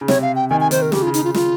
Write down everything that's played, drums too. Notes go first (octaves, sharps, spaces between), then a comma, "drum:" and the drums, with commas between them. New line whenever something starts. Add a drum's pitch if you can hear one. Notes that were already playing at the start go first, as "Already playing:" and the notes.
C#3
C3 C#5, drum: snare
F5
G5
D#3 G#5
G#5
D#3 C5, drum: hi-hat
A#4
C#3 G4, drum: snare
F4
C#3
D#4, drum: hi-hat
C#3 F4
F4, drum: snare